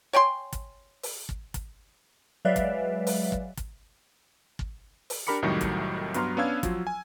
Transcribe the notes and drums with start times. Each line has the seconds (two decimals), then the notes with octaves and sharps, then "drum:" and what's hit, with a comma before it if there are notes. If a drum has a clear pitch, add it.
0.13 C#5 G5 G#5 C6
0.53 drum: kick, hi-hat
1.03 drum: open hi-hat
1.29 drum: kick
1.54 drum: kick, hi-hat
2.45 F#3 G#3 B4 D5 E5 F5
2.56 drum: kick, hi-hat
3.07 drum: open hi-hat
3.32 drum: kick
3.57 drum: kick, hi-hat
4.59 drum: kick
5.10 drum: open hi-hat
5.27 D4 G4 A#4 B5 D6 C#7
5.42 C2 F2 A2 D#3 F#3 G3
5.61 drum: kick, hi-hat
6.14 G2 F#3 B3 A#5 C6 F6, drum: hi-hat
6.37 B3 C#4 D4 F5 E6 G#6
6.63 F3 F#3 F4, drum: kick, hi-hat
6.87 G#5